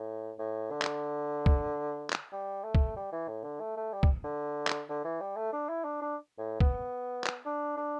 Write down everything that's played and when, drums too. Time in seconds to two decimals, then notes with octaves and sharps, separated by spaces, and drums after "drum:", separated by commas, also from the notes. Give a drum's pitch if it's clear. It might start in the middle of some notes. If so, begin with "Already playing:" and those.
Already playing: A2
0.39 A2
0.71 D3
0.82 drum: clap
1.46 drum: kick
2.10 drum: clap
2.32 G3
2.64 A3
2.75 drum: kick
2.96 G3
3.12 E3
3.28 A2
3.44 D3
3.60 A3
3.77 A3
3.93 G3
4.03 drum: kick
4.24 D3
4.67 drum: clap
4.89 D3
5.05 E3
5.20 G3
5.37 A3
5.53 D4
5.69 E4
5.84 D4
6.02 D4
6.38 A2
6.60 B3, drum: kick
7.24 drum: clap
7.45 D4
7.77 D4